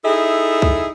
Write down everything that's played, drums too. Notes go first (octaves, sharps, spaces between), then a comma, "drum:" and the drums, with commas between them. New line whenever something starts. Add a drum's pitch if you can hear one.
D#4 E4 G#4 A4 E5
drum: kick C2